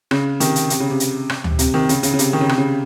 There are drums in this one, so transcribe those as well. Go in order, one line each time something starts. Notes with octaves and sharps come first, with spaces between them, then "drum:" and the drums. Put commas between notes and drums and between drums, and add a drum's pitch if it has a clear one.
C#3, drum: rim click
C3 D#3, drum: hi-hat
drum: hi-hat
C3, drum: hi-hat
C#3
C3
drum: hi-hat
drum: rim click
drum: tom D2
C3, drum: hi-hat
C3 D#3
C#3, drum: hi-hat
C#3, drum: hi-hat
C#3
C3, drum: hi-hat
D#3
C#3
C3, drum: rim click
C#3